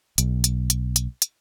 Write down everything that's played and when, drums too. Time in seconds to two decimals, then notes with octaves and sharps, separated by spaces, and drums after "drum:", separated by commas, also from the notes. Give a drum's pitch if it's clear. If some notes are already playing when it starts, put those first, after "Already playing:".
0.18 B1, drum: hi-hat
0.44 drum: hi-hat
0.70 drum: hi-hat
0.96 drum: hi-hat
1.22 drum: hi-hat